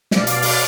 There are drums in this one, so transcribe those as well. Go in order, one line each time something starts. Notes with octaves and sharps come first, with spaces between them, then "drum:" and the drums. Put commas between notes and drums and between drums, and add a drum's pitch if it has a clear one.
B2 D5 F5, drum: snare
drum: hi-hat
drum: open hi-hat